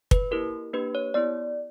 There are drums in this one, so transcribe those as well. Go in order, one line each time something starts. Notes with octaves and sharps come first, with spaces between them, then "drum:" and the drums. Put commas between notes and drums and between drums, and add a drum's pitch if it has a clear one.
B4, drum: kick
A#3 E4 G4 A#4
A#3 D4 G4 B4
C#5
B3 E4 G4 D5